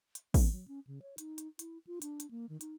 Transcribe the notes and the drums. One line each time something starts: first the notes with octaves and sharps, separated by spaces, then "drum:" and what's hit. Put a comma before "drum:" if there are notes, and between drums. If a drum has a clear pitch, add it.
drum: hi-hat
B3, drum: kick, open hi-hat
F#3
C#4
C#3
C#5
D#4, drum: hi-hat
drum: hi-hat
E4, drum: hi-hat
F4
D4, drum: hi-hat
drum: hi-hat
A#3
D#3
D#4, drum: hi-hat